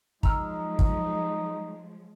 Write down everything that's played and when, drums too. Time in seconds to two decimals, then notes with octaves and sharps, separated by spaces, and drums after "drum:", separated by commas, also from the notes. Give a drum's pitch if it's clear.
0.23 F3 F#3 G#3 D#4 A#5 E6 F6, drum: kick
0.79 drum: kick